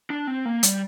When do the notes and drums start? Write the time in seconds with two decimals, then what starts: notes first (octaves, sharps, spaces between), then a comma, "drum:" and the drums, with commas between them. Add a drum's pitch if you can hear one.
0.10 D4
0.27 C4
0.45 A#3
0.63 G3, drum: hi-hat